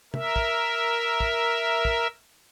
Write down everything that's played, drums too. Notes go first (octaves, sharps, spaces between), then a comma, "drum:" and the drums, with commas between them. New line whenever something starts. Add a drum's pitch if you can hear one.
A#4 E5, drum: tom
drum: kick
drum: kick
drum: kick